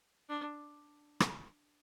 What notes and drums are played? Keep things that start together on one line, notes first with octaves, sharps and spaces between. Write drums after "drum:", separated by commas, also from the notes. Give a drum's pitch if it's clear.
D4
drum: rim click